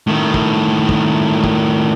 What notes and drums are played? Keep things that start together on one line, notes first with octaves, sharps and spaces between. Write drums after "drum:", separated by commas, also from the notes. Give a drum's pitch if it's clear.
A2 D#3
drum: kick
drum: kick
drum: kick